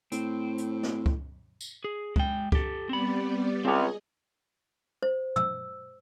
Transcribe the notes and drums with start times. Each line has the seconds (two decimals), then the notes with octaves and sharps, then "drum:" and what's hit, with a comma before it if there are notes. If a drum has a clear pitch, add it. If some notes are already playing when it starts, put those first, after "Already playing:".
0.12 A2 C4, drum: hi-hat
0.58 drum: hi-hat
0.83 drum: snare
1.06 drum: kick C#2
1.61 drum: tambourine
1.84 G#4
2.16 G#3 G5, drum: kick C#2
2.52 G4 A4, drum: kick C#2
2.89 G3 B3 C4 D5 B5
3.65 C#2 C4 G#4 C#5 D#5
5.03 C5
5.36 E6, drum: tom